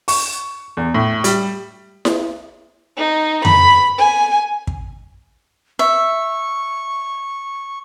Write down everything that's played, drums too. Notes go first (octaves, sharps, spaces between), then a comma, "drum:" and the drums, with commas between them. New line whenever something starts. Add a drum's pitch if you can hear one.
C#6, drum: open hi-hat
E2
A2
G3, drum: hi-hat
drum: snare E4
D#4
B5, drum: tom F2
G#5
drum: kick
E5 C#6